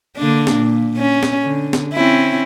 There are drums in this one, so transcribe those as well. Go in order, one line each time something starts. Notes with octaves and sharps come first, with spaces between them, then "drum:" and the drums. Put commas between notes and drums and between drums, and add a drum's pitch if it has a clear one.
D3 A#3 D4
drum: snare
A#2
C#4
drum: snare
D3
drum: snare
C4 C#4 E4